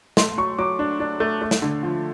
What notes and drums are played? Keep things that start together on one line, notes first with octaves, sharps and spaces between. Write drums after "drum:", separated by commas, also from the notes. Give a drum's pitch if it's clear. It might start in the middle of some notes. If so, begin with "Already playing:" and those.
A3 C6, drum: snare
F#3 C#6
F#3 D6
D4
D4
A3
A3
drum: snare
D3
F3